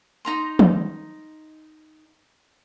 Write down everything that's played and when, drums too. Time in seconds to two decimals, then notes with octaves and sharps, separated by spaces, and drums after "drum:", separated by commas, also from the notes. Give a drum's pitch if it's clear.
0.25 D#4 A#5 C6
0.59 drum: tom